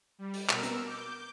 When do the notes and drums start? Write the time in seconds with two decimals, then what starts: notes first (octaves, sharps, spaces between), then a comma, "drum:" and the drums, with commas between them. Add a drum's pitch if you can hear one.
0.19 G3
0.33 drum: open hi-hat
0.49 B2 A#4 E6, drum: clap
0.63 drum: hi-hat
0.85 D6 G6